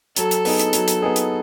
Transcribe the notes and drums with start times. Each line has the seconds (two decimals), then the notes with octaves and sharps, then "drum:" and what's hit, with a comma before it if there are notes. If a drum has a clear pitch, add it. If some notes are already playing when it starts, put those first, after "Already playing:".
0.16 F#3 A4, drum: hi-hat
0.31 drum: hi-hat
0.45 B3 D#4 G#4, drum: open hi-hat
0.59 drum: hi-hat
0.73 F#3, drum: hi-hat
0.88 drum: hi-hat
1.02 B3 D#4 G#4
1.16 drum: hi-hat